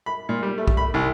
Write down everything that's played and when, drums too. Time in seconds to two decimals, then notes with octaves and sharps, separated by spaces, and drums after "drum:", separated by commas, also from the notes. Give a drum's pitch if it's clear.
0.06 B5
0.29 A#2
0.43 G3
0.58 A3
0.68 drum: kick
0.77 B5
0.94 C2